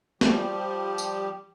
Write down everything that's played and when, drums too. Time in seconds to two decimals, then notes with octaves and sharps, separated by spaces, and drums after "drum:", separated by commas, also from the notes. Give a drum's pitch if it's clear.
0.21 F3 G3 G4, drum: snare
0.98 drum: tambourine